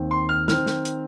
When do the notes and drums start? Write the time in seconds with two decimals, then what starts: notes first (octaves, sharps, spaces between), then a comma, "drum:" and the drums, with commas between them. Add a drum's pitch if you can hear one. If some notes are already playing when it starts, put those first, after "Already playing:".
Already playing: D#2 D#3 C4
0.11 C6
0.29 F6
0.48 D#3 C4 F6, drum: snare
0.66 drum: snare
0.85 drum: hi-hat